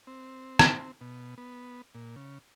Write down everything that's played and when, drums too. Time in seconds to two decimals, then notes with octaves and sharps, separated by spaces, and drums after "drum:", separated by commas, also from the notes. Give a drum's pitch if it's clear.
0.07 C4
0.59 drum: rim click
1.01 B2
1.38 B3
1.95 A#2
2.16 C#3